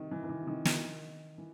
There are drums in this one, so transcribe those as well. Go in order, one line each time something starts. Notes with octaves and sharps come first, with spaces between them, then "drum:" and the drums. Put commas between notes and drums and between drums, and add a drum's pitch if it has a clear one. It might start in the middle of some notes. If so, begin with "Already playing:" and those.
Already playing: C3 D#3
E3
E3
D#3
C3
D#3
D#3, drum: snare
E3